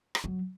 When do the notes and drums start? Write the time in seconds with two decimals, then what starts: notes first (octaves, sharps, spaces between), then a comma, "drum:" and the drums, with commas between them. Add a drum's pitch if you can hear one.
0.15 drum: rim click
0.24 F#3